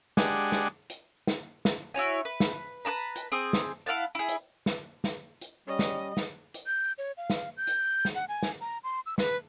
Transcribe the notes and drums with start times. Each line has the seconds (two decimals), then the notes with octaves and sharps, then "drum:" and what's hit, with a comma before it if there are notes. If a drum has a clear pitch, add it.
0.17 G#3 D4 G4 F#5 G#5, drum: snare
0.52 drum: snare
0.90 drum: hi-hat
1.27 drum: snare
1.65 drum: snare
1.94 E4 F#4 C#5 G#5
2.25 B4
2.40 drum: snare
2.85 B4 D5 A5 A#5
3.16 drum: hi-hat
3.32 C4 G#4 D#6
3.53 drum: snare
3.86 E4 F5 F#5 A5
4.15 E4 G#4
4.29 drum: hi-hat
4.66 drum: snare
5.04 drum: snare
5.41 drum: hi-hat
5.68 G3 C#4 D#5
5.79 drum: snare
6.17 drum: snare
6.54 drum: hi-hat
6.66 G6
6.98 C#5
7.17 F5
7.30 drum: snare
7.57 G6
7.67 drum: hi-hat
8.05 drum: snare
8.15 F#5
8.29 G#5
8.43 drum: snare
8.61 A#5
8.84 C6
9.06 E6
9.18 B4, drum: snare